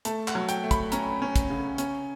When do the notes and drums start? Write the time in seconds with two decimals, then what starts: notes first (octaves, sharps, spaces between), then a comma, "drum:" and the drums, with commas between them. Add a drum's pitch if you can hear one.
0.05 A3 A5, drum: hi-hat
0.28 F#5, drum: clap
0.35 F#3
0.49 G5, drum: hi-hat
0.64 A3
0.71 B5, drum: kick, hi-hat
0.92 C#4 A#5, drum: hi-hat
1.22 C#4
1.36 drum: kick, hi-hat
1.50 C#3
1.78 C#4, drum: hi-hat